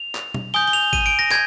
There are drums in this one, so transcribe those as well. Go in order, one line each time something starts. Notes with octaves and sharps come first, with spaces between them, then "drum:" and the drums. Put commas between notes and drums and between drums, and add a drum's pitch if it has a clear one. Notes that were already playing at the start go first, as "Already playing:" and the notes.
Already playing: F7
drum: clap
drum: tom
G#5 D#6 G6 G7
G7
F7
D#7, drum: kick G#1
D7
A#6
G6 G#6, drum: clap